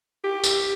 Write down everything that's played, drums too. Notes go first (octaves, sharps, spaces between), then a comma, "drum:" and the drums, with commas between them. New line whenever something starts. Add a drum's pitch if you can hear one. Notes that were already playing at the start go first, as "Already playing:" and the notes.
G4
drum: tambourine